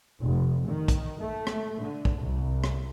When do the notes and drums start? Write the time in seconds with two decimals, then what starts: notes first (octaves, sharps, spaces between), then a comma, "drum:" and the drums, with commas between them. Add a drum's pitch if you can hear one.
0.22 F1
0.68 D#3
0.88 drum: kick, hi-hat
1.18 A3
1.47 drum: rim click
1.81 D3
2.05 drum: kick
2.21 C2
2.64 drum: rim click